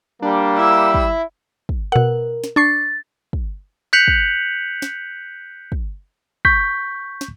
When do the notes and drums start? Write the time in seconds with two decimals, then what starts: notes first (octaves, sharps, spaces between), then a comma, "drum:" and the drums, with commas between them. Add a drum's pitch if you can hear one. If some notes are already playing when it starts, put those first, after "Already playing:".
0.22 G3 A#3 D4
0.59 E4 E6
0.94 drum: kick
1.69 drum: kick
1.92 B2 A#4 F#5
2.44 drum: snare
2.56 D4 C#6 A6 C7
3.33 drum: kick
3.93 F#6 G6 B6 C#7 F7 F#7
4.08 drum: kick
4.82 drum: snare
5.72 drum: kick
6.45 C#6 G6 B6, drum: kick
7.21 drum: snare